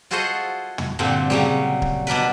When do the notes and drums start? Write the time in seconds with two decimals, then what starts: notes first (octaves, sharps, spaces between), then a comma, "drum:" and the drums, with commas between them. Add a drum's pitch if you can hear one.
0.11 F4 F#4 G#4 A4 C5 D#5
0.78 drum: tom
0.99 G2 A#2 D3 C4
1.30 C#3 F#3 G3, drum: snare
1.82 drum: kick D1
2.07 B2 D4 A#4 B4